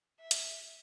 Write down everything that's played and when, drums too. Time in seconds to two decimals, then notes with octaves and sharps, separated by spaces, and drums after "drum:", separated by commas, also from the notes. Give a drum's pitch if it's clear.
0.20 E5
0.31 drum: hi-hat